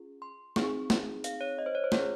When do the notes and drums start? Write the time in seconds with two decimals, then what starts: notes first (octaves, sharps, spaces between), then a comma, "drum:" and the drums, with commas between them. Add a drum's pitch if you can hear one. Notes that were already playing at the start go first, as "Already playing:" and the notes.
Already playing: C#4 F4 G#4
0.22 C6
0.56 C4 D#4 G#4 C#6, drum: snare
0.90 drum: snare
1.24 F5, drum: hi-hat
1.41 C#5
1.59 D#5
1.66 C5
1.75 C#5
1.84 C5
1.92 C#4 F4 G#4 C#5, drum: snare